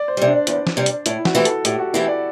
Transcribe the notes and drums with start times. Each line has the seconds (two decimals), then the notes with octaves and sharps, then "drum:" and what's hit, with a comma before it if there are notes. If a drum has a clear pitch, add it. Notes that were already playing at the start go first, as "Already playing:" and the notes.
Already playing: D5
0.08 C5
0.17 C3 G3
0.28 D4
0.47 E2, drum: hi-hat
0.67 drum: snare
0.77 C3 G3
0.86 drum: hi-hat
1.06 A2 E4, drum: hi-hat
1.25 F#4, drum: snare
1.35 E3 A3 C4 G4
1.45 A4, drum: hi-hat
1.65 A2 G4, drum: hi-hat
1.78 F#4
1.94 E3 A3 C4 E4 G4
2.08 D5